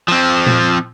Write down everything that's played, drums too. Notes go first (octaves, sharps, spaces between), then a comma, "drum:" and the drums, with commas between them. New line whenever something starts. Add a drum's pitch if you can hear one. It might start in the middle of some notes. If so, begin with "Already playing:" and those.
F3 C4
drum: tom A#2